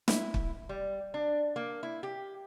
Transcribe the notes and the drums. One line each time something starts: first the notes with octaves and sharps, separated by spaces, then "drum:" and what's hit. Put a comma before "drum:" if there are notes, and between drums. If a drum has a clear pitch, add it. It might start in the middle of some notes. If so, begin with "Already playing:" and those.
E4, drum: snare
drum: kick
G3
D4
A#3
E4
G4